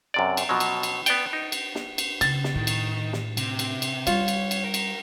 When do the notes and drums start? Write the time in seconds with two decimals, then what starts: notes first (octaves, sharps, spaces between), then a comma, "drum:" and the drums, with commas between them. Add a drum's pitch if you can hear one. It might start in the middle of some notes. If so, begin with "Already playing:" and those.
0.14 F#2 C3 D5
0.37 drum: cymbal
0.49 B2 F3 F#3
0.60 drum: cymbal
0.83 drum: cymbal
1.06 B3 D5 G5, drum: cymbal
1.33 D#4
1.52 drum: cymbal
1.75 drum: snare
1.98 drum: cymbal
2.21 C#3 A6, drum: cymbal
2.44 drum: snare
2.55 A2 D#3
2.67 drum: cymbal
3.13 drum: snare
3.37 C3, drum: cymbal
3.59 drum: cymbal
3.82 drum: cymbal
4.07 G3 F4 C#5, drum: cymbal
4.28 drum: cymbal
4.51 drum: cymbal
4.65 A#4
4.74 drum: cymbal